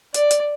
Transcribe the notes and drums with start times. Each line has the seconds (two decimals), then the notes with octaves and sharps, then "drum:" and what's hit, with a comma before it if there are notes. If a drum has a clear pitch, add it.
0.14 D5, drum: hi-hat
0.31 drum: hi-hat